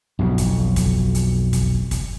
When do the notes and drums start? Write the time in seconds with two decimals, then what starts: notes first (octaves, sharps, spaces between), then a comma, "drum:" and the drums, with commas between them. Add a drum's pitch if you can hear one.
0.19 B1 F2 B2
0.38 drum: kick, hi-hat
0.76 drum: kick, hi-hat
1.15 drum: hi-hat
1.53 drum: kick, hi-hat
1.91 drum: kick, hi-hat